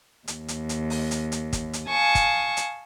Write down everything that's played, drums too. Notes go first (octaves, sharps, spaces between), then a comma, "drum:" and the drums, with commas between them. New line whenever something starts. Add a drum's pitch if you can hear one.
D#2, drum: hi-hat
drum: hi-hat
drum: hi-hat
drum: open hi-hat
drum: hi-hat
drum: hi-hat
drum: kick, hi-hat
drum: hi-hat
F5 G#5 A5 C#6 D#6
drum: kick, hi-hat
drum: hi-hat